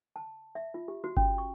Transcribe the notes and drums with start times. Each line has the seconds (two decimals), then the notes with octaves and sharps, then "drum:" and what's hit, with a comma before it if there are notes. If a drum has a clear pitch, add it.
0.16 A5
0.55 E5
0.74 F4
0.88 G4
1.04 F#4
1.17 C#4, drum: kick G1
1.38 C#6